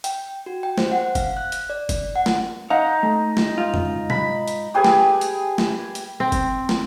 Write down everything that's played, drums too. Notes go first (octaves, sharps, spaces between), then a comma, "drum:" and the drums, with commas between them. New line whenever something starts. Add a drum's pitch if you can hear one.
G5, drum: hi-hat
F#4
G5
C5, drum: snare
F#5
F5, drum: kick F#1, hi-hat
F#6
drum: hi-hat
D5
drum: kick F#1, hi-hat
F#5
drum: snare
D#4 F5 F#5
A3
drum: snare
G#2 F4
drum: tom
B5, drum: tom B2
drum: hi-hat
G4 G#4 B4 G#5
drum: snare
drum: hi-hat
drum: snare
drum: hi-hat
C4
drum: kick F#1, hi-hat
drum: snare